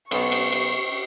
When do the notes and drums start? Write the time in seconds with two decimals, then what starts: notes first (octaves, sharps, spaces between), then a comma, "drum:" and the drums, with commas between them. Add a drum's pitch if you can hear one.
0.11 B1 B2 C#6, drum: cymbal
0.32 drum: cymbal
0.52 drum: cymbal